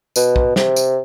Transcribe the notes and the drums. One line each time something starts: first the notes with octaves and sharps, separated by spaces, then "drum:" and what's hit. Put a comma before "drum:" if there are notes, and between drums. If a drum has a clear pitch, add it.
B2, drum: tambourine
drum: kick
C3, drum: snare
drum: tambourine